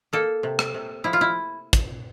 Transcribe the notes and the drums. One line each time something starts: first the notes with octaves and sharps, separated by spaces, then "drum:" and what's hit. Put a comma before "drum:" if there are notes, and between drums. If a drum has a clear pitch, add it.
A#3 A4
C3
drum: rim click
C3
F3 E4
F4
E4
drum: kick, hi-hat